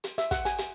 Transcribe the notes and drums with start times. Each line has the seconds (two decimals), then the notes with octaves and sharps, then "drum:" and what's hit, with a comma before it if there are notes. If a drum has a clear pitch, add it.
0.04 drum: hi-hat
0.18 E5, drum: hi-hat
0.31 F#5, drum: kick, hi-hat
0.45 G#5, drum: hi-hat
0.58 drum: hi-hat